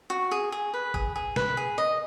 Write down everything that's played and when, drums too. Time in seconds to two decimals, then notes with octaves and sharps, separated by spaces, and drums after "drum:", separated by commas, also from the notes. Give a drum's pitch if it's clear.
0.10 F#4, drum: hi-hat
0.31 G#4
0.52 G#4
0.74 B4
0.94 G#4, drum: kick
1.16 G#4
1.36 B4, drum: snare
1.57 G#4
1.78 D#5